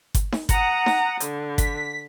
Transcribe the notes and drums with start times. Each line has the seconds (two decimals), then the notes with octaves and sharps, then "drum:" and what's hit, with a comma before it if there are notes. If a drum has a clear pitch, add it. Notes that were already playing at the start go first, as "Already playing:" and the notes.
0.14 drum: kick G1, hi-hat
0.32 drum: snare D#4
0.49 F#5 A#5 D#6, drum: kick G1, hi-hat
0.86 drum: snare D#4
1.20 D3, drum: hi-hat
1.58 B6, drum: kick G1, hi-hat